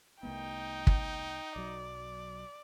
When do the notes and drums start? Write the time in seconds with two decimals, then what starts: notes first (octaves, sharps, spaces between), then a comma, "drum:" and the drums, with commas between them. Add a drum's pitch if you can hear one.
0.23 C2 A3 B3 D#4 G5
0.87 drum: kick
1.56 B1 F#3 D5